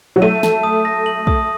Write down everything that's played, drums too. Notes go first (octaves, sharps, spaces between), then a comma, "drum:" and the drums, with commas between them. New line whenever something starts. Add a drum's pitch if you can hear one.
F#3
A3 D#7
A5, drum: snare
D#6
A#6
F#7
D#6, drum: kick